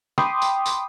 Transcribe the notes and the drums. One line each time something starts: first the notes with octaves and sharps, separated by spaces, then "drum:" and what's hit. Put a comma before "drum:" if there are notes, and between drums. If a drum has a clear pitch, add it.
G5 B5 C6 D6 D#6, drum: snare
drum: tambourine
drum: tambourine